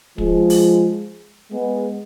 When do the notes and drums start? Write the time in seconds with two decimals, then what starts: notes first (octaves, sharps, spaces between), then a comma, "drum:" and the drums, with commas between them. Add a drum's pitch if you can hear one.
0.18 F3 G#3, drum: kick
0.50 drum: open hi-hat
1.51 G#3 B3